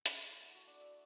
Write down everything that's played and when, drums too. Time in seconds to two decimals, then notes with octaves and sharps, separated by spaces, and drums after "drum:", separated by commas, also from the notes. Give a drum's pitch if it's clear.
0.06 drum: hi-hat
0.15 A3
0.29 E4
0.42 F#5
0.55 F#4
0.67 D4
0.81 E5